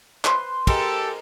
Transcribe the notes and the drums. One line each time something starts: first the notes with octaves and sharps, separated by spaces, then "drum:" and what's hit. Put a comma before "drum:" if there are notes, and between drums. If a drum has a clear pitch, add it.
B4 C5 C6, drum: clap
G#3 G4 A4 A#4, drum: kick, cymbal